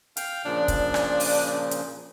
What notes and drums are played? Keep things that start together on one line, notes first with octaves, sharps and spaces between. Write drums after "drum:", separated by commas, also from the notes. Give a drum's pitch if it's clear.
F5 G5 F6, drum: hi-hat
A#2 C#3 F3 D4
drum: kick, hi-hat
drum: rim click
drum: open hi-hat
drum: hi-hat